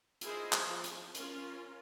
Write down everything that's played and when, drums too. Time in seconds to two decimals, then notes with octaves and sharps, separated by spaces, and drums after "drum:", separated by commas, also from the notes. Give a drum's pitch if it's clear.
0.21 E4 F4 G#4 C5 D#5, drum: hi-hat
0.53 drum: clap
0.64 F3
0.84 drum: hi-hat
1.15 C#4 F4 A#4, drum: hi-hat